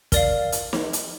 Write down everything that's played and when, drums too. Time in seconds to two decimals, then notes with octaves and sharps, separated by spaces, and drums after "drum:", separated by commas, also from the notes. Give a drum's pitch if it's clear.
0.12 A#4 D5 F5, drum: kick, hi-hat
0.52 drum: hi-hat
0.73 drum: snare
0.93 drum: hi-hat